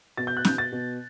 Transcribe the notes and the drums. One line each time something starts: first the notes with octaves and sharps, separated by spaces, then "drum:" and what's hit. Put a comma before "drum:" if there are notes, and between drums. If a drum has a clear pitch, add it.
B2 A6
G6
F#6
B2 G6, drum: snare
A6
B2